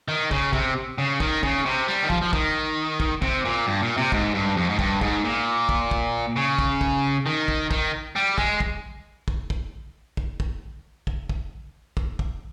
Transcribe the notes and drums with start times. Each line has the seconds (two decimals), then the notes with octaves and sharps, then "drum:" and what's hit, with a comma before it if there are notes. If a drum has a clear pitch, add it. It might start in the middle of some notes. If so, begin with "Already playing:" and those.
0.08 D#3
0.31 C#3, drum: kick
0.53 C3, drum: kick
0.98 C#3
1.20 D#3, drum: kick
1.43 C#3, drum: kick
1.66 C3
1.88 G3
2.03 D#3
2.10 F3, drum: kick
2.22 F3
2.33 D#3, drum: kick
3.00 drum: kick
3.22 C3, drum: kick
3.45 A#2
3.67 G2
3.82 A#2
3.97 C3
4.12 G#2, drum: kick
4.34 G2
4.56 F2
4.69 G#2
4.79 G2, drum: kick
5.01 G#2, drum: kick
5.24 A#2
5.69 drum: kick
5.91 drum: kick
6.36 C#3
6.59 drum: kick
6.81 drum: kick
7.26 D#3
7.48 drum: kick
7.71 D#3, drum: kick
8.16 G3
8.38 G#3, drum: kick
8.60 drum: kick
9.28 drum: kick
9.50 drum: kick
10.17 drum: kick
10.40 drum: kick
11.07 drum: kick
11.29 drum: kick
11.97 drum: kick
12.19 drum: kick